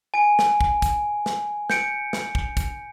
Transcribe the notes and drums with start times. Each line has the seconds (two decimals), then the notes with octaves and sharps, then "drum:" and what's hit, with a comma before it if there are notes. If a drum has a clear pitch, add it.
0.14 G#5 D7
0.39 drum: snare
0.61 drum: kick
0.82 drum: kick, hi-hat
1.26 drum: snare
1.70 G6 C#7 D7, drum: snare
2.13 drum: snare
2.35 drum: kick
2.57 drum: kick, hi-hat